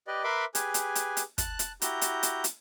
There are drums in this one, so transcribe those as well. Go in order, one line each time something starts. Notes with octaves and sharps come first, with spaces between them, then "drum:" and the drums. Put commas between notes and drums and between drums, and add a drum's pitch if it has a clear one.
G4 B4 D5 D#5
A#4 B4 E5 B5 C6 D6
G4 G#4 B4 G#5, drum: hi-hat
drum: hi-hat
drum: hi-hat
drum: hi-hat
A5 F#6, drum: kick, hi-hat
drum: hi-hat
E4 F#4 G4 A#5 G6, drum: hi-hat
drum: hi-hat
drum: hi-hat
drum: hi-hat